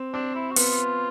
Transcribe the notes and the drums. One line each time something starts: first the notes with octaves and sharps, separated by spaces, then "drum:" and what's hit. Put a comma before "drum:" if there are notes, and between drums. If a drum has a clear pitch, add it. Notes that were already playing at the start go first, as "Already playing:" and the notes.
Already playing: C4
C4 D4
E4
F#4
B3 F4, drum: open hi-hat